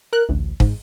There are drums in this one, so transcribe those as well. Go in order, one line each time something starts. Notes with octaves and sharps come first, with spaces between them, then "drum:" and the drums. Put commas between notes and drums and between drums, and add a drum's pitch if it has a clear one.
A#4 F#6
A1 D2
G#2, drum: kick